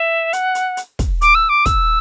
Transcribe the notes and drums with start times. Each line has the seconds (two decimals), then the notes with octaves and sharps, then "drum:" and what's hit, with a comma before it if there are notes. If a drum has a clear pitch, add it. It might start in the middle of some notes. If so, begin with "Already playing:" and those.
Already playing: E5
0.33 F#5, drum: hi-hat
0.55 drum: hi-hat
0.77 drum: hi-hat
0.99 drum: kick, hi-hat
1.21 D6, drum: hi-hat
1.35 E6
1.49 D6
1.66 E6, drum: kick, hi-hat